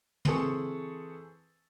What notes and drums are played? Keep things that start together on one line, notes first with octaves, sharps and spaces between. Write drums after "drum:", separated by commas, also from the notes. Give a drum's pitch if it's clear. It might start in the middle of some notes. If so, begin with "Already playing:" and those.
E3 C4 G#4 A4 C#6, drum: tom